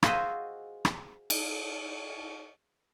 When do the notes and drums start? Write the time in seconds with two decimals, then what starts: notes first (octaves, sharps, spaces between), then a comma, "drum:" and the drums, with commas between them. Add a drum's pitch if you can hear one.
0.03 F4 F#4 G#4 C5 D#5 E5, drum: rim click
0.85 drum: rim click
1.30 drum: cymbal